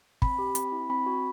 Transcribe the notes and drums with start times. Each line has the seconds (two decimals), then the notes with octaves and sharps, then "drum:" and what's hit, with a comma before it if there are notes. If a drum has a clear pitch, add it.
0.22 C4 B5, drum: kick
0.38 G4
0.55 C4 B5, drum: hi-hat
0.72 E4
0.90 C4 B5
1.06 F#4